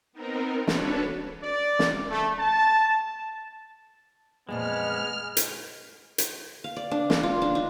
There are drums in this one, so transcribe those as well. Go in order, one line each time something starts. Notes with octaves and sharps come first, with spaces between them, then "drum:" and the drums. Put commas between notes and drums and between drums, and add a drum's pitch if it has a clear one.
B3 C4 D#4 A#4
D4 F#4 A4 B4 C#5, drum: snare
D5
drum: snare
A3
A5
F2 A#2 E3 G#3 B3 F6
drum: hi-hat
drum: hi-hat
F5
D5
D4
C6, drum: snare
F4
D4
D#4